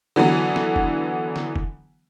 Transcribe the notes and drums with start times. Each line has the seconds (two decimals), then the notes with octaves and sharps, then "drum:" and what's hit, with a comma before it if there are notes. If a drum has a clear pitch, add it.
0.16 D3 E3 F#3 B3
0.56 drum: snare
0.76 drum: kick
1.36 drum: snare
1.56 drum: kick